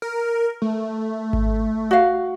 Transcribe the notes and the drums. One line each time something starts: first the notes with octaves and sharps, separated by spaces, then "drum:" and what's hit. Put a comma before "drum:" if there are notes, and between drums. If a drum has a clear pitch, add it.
A#4
A3
drum: kick G#1
F#4 F5